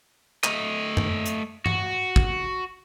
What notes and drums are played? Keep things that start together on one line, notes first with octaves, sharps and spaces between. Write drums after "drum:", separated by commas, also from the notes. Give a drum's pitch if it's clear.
A3 D#5, drum: clap
drum: tom F#2
drum: hi-hat
F#4, drum: tom G2
drum: kick